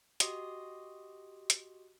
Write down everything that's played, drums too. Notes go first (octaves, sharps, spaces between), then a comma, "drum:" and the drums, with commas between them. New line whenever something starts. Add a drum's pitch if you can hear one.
F#4 G4 D#5 C6 D#6, drum: hi-hat
drum: hi-hat